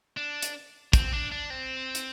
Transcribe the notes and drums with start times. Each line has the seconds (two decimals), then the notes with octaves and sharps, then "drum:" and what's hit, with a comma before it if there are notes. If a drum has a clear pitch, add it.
0.17 D4
0.42 drum: hi-hat
0.93 C4, drum: kick, hi-hat
1.12 D4
1.32 D4
1.50 C4
1.95 drum: hi-hat